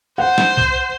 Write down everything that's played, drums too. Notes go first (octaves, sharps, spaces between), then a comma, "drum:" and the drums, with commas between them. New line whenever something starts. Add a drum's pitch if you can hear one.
C5 F#5
drum: snare
drum: kick C2